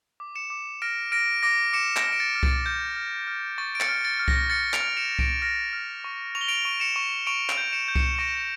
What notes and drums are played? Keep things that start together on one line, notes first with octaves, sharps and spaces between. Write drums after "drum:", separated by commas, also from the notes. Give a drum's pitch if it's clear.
D6
C#7 E7
D6
F6 A#6 D7
F6 A#6 D7
D6 A#6 D7
D6 C#7 E7
A#6 D7, drum: clap
F6
D7
A6 C#7
F6
A6, drum: kick C2
F6 G6
F6
F6
C#6 A6
D7
A6 C#7, drum: clap
F6
A6 C#7
F6
A#6, drum: kick C2
F6 A6 C#7
D7 F7, drum: clap
F6
C#7 E7
F6
A#6 D7, drum: kick C2
F6 A#6 D7
F6
C#6
C#6 F7
G7
D7 F7
C#6
C#7 E7
C#6
C#6 D7 F7
D7 F7, drum: clap
G6
C#7 E7
G6
C#7 E7, drum: kick C2
E7
C#6 A#6 D7
D7